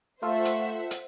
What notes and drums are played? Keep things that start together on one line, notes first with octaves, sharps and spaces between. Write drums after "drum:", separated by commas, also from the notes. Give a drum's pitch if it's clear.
A3 F4 A4 C5 E5 F#5
drum: hi-hat
drum: hi-hat